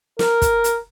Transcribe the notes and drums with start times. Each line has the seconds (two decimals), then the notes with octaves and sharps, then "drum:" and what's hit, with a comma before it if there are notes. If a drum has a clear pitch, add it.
0.19 A#4, drum: snare
0.42 drum: kick, hi-hat
0.64 drum: hi-hat